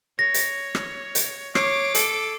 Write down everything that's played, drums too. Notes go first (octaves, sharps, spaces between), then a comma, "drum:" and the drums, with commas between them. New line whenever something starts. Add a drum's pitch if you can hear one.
C#5 A#6
drum: hi-hat
drum: rim click
drum: hi-hat
C#5 D6 C7 D7, drum: rim click
A4, drum: hi-hat